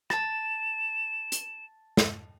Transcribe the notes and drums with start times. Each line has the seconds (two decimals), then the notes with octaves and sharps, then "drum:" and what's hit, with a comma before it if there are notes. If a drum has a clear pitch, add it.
0.10 A5 A6 E7, drum: rim click
1.32 drum: hi-hat
1.97 drum: snare